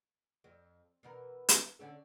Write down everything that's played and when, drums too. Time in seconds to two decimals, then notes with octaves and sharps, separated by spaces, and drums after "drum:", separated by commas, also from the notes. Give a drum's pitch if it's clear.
0.44 F2
1.03 B2 E3 A#4
1.49 drum: hi-hat
1.79 D3 C#4 A4